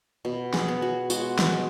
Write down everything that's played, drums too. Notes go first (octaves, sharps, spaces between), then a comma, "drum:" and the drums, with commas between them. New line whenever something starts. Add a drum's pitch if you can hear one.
B2
G#4, drum: snare
B3
F#4
G#3 F#4, drum: tambourine
drum: snare
G#3